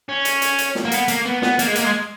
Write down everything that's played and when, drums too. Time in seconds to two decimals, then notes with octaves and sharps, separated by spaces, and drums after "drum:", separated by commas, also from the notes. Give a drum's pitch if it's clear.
0.09 C#4
0.25 drum: hi-hat
0.42 drum: hi-hat
0.58 drum: hi-hat
0.75 drum: snare
0.85 A#3
0.92 B3, drum: hi-hat
1.08 A#3, drum: hi-hat
1.25 B3
1.42 B3, drum: snare
1.59 A#3, drum: hi-hat
1.67 G#3
1.75 A#3, drum: hi-hat
1.85 G#3